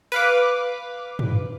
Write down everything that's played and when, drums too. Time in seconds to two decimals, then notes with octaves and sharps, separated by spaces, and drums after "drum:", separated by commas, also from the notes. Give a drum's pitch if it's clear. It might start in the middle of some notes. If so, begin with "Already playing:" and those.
0.12 B4 F5 D6, drum: open hi-hat
1.19 drum: tom